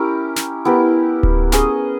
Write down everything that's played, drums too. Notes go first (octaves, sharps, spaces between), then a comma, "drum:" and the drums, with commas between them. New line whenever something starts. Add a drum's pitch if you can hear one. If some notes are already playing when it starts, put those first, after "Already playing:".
Already playing: C#4 E4 G4 A#4
drum: snare
B3 E4 G4 A#4
drum: kick D1
C#4 G#4 D#5, drum: snare